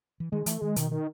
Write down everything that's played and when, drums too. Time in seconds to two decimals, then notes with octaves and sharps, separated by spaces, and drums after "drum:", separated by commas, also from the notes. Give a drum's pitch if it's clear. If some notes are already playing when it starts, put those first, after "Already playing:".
0.20 E3
0.32 D#3 G#3
0.46 E3 A3, drum: hi-hat
0.61 D#3 G#3
0.76 B2 D#3, drum: hi-hat
0.91 D#3